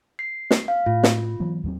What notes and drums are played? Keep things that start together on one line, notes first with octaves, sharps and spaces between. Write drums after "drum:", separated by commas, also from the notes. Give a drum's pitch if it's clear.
C7
drum: snare
F5
A2 F4
drum: snare
E3 F#3 B3
D#2 F#3 C4